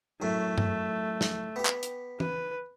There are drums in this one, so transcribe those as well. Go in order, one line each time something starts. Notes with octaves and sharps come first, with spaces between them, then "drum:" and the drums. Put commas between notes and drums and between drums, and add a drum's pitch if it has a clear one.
F#2 A2 A3
drum: tom G2
drum: snare
B3 G4
drum: clap
drum: hi-hat
B4, drum: tom